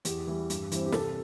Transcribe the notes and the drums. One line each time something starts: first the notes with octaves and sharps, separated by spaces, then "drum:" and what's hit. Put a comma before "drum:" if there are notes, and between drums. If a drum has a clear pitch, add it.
E2 G4, drum: hi-hat
E3 G3
G2, drum: hi-hat
E3 G3 C4, drum: hi-hat
G4
C3 A4, drum: snare